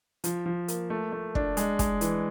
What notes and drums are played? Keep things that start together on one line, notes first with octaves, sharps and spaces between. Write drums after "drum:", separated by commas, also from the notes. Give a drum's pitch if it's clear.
F3, drum: hi-hat
F3
A#3, drum: hi-hat
A3
A3
D4, drum: kick
G#3, drum: hi-hat
G#3, drum: kick, hi-hat
E3, drum: hi-hat